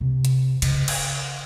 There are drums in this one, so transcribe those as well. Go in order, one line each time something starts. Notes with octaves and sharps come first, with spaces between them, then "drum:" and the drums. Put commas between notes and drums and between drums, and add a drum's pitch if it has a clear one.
C3
drum: hi-hat
C#3, drum: cymbal
drum: cymbal